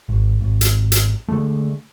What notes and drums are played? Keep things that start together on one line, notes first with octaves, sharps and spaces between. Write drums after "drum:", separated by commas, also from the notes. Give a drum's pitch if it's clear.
G#1
G#1
drum: hi-hat
drum: hi-hat
D3 E3 G#3 A3